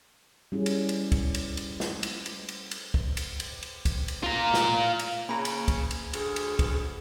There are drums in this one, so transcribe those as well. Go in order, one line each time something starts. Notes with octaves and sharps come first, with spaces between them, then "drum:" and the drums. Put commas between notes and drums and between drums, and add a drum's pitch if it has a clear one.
G3 C#4 E4 G#4
drum: cymbal
drum: cymbal
drum: kick, cymbal
drum: cymbal
drum: cymbal
drum: snare
drum: cymbal
drum: cymbal
drum: cymbal
drum: cymbal
drum: kick
drum: cymbal
drum: cymbal
drum: cymbal
drum: kick, cymbal
drum: cymbal
F4 A#5
drum: snare
drum: cymbal
C#3 A#3 A#5 B5
drum: cymbal
drum: kick, cymbal
drum: cymbal
D2 G#4, drum: cymbal
drum: cymbal
drum: kick, cymbal